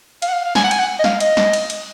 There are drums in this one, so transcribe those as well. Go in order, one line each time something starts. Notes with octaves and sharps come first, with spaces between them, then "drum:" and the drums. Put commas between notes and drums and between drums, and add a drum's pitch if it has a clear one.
F5, drum: cymbal
F#5
F5
F5
G#5, drum: snare
F#5
G#5, drum: cymbal
F#5
D#5
F5, drum: snare
D#5, drum: cymbal
drum: snare
drum: cymbal
drum: cymbal